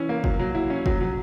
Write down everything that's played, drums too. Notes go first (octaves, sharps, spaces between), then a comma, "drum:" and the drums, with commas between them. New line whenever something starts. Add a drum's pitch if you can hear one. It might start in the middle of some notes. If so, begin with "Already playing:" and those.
Already playing: E3 C#4 E4
A#3
F#3, drum: kick
F#3
E4
C#4
F#3, drum: kick
F#3